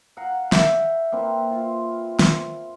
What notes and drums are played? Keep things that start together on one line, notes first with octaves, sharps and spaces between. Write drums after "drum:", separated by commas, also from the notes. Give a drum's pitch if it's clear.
F5 F#5 A#5
E5 G6, drum: snare
A#3 C4 B4
F4
drum: snare